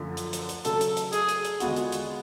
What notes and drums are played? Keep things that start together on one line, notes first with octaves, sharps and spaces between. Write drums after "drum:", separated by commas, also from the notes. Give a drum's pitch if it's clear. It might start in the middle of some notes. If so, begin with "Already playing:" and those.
Already playing: F#2 D3 F3 A3 D4
drum: hi-hat
drum: hi-hat
drum: hi-hat
C#3 F#3 A3 A4, drum: hi-hat
drum: hi-hat
drum: hi-hat
G#4, drum: hi-hat
drum: hi-hat
drum: hi-hat
D3 G#3 B3 F4 F#4, drum: hi-hat
drum: hi-hat
drum: hi-hat